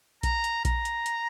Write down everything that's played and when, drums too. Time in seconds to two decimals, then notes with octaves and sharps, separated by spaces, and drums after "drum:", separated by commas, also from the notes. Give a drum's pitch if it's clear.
0.23 A#5, drum: kick A#1, hi-hat
0.44 drum: hi-hat
0.65 A#5, drum: kick A#1, hi-hat
0.85 drum: hi-hat
1.06 drum: hi-hat